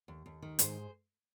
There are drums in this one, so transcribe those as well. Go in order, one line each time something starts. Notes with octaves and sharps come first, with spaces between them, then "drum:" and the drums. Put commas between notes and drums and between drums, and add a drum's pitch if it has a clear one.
D#2
D#2
D#3
G#2 G#4 C5, drum: hi-hat